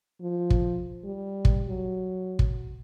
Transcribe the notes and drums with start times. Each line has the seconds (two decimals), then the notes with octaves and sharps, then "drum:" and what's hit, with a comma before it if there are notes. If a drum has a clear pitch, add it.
0.21 F3
0.50 drum: kick
1.04 G3
1.45 drum: kick
1.68 F#3
2.39 drum: kick